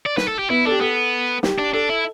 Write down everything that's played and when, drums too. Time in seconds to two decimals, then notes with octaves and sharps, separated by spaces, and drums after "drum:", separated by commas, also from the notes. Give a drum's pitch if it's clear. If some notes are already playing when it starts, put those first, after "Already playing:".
0.06 D5
0.17 B4, drum: snare
0.28 A4
0.39 G4
0.50 B3 E4
0.65 D4 A4
0.71 G4
0.80 B3 A4
1.43 G4, drum: snare
1.58 D4
1.74 D4 A4
1.89 E4